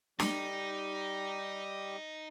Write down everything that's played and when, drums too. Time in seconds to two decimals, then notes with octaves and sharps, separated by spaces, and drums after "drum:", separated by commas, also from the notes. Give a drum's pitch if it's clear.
0.20 G3 D#4 G4, drum: snare